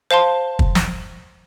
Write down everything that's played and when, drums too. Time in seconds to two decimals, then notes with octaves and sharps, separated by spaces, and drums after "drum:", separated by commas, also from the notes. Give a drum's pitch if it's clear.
0.11 C5 F5 A5 C6
0.59 drum: kick
0.75 drum: snare